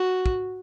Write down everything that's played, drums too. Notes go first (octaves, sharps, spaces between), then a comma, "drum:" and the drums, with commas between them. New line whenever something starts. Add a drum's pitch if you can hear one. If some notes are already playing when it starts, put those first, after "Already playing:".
Already playing: F#4
drum: kick